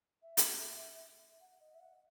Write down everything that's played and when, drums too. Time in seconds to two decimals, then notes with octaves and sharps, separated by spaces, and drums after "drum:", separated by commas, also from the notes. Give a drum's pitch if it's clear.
0.22 E5
0.37 drum: hi-hat
1.40 F#5
1.60 D#5
1.74 E5
1.80 F#5